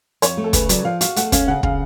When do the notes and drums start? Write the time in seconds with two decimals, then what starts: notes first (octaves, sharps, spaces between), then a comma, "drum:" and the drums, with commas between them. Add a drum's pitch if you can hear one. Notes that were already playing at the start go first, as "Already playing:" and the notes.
0.22 F2 C#5, drum: hi-hat
0.37 A3
0.44 A4
0.53 C#3 B4, drum: kick, hi-hat
0.69 F#3 D5, drum: hi-hat
0.85 F3 F5
1.01 F#4 F5, drum: hi-hat
1.16 A3 F#5, drum: hi-hat
1.32 C#4 F5, drum: kick, hi-hat
1.48 C#3 F#5
1.63 C#3 F5, drum: kick